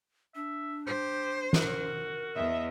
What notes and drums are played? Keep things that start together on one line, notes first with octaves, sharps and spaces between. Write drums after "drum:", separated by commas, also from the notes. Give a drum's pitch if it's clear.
D4 E5
G4 C5
F#4 A#4, drum: snare
E2 D#5 E5